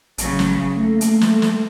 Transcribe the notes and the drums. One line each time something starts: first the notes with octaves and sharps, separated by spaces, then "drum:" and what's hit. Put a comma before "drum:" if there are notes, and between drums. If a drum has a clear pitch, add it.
A1 C#3 F#3, drum: hi-hat
drum: snare
A3 A#3
drum: hi-hat
drum: snare
drum: snare